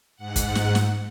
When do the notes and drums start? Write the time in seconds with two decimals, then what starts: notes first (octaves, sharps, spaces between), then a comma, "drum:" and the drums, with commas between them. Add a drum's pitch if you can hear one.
0.16 G#2 F#5
0.36 drum: kick, hi-hat
0.55 drum: snare
0.75 drum: snare